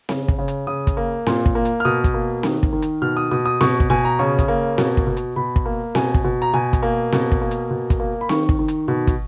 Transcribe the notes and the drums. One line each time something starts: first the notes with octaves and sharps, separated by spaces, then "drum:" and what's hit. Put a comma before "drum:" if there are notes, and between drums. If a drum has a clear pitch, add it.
C#3, drum: snare C4
drum: kick
C#3
drum: hi-hat
C#3 D#6
drum: kick, hi-hat
A#3
A#2, drum: snare C4
drum: kick
A#3
drum: hi-hat
F6
B2 D#6
drum: kick, hi-hat
A#3
D#3, drum: snare C4
drum: kick
D#3
drum: hi-hat
B2 F6
D#6
B2 D#6
D#6
B2 C#6, drum: snare C4
drum: kick
B2 G#5
A#5
C#3 C#6
drum: kick, hi-hat
A#3
B2, drum: snare C4
drum: kick
B2
drum: hi-hat
B2 B5
drum: kick
A#3
B2 G#5, drum: snare C4
drum: kick
B2
A#5
B2 G#5
drum: kick, hi-hat
A#3
B2, drum: snare C4
drum: kick
A#3
drum: hi-hat
B2
drum: kick, hi-hat
A#3
B5
D#3 C#6, drum: snare C4
drum: kick
D#3
drum: hi-hat
B2
drum: kick, hi-hat